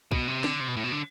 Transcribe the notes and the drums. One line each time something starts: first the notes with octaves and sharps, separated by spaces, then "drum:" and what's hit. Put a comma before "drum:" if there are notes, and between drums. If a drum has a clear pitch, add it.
B2, drum: kick B1
C3
D3, drum: snare
C3
B2
A2
B2
D3